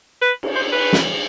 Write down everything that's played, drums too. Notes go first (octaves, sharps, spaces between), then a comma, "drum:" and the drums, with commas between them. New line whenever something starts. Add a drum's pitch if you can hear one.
B4
drum: cymbal
C5
B4
drum: snare